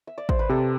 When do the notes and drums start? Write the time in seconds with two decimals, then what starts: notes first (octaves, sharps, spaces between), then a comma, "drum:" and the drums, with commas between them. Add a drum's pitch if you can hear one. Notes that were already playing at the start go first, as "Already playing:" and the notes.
0.07 E5
0.18 D5
0.29 C5, drum: kick
0.39 B4
0.49 C3 A4